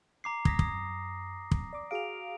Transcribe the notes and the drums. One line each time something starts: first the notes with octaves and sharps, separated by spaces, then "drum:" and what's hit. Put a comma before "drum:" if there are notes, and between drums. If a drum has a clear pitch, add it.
A#5 D6 C7
D#6 G#6 A#6 B6, drum: kick
F#2 D#6, drum: kick
drum: kick
D5 D6
F#4 G#4 F5 D7 F7